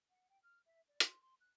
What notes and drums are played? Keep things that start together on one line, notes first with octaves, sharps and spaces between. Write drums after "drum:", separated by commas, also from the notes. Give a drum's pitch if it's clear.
F#5
G5
F6
E5
D5
C6, drum: hi-hat
C6
F#6